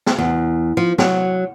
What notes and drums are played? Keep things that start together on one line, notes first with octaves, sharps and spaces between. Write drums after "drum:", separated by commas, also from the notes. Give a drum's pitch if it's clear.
drum: snare
E2
F3
F#3, drum: snare